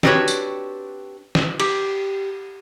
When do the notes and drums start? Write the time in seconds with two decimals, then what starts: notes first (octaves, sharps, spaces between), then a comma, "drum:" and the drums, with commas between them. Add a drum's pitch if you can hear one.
0.03 C4 D4 F#4 G4 B4 C#5, drum: snare
0.28 drum: tambourine
1.35 drum: snare
1.60 G4, drum: cymbal